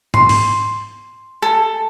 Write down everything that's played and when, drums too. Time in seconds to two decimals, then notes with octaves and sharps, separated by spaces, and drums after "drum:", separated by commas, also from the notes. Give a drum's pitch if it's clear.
0.14 C6, drum: tom G#2
0.29 drum: open hi-hat
1.42 A4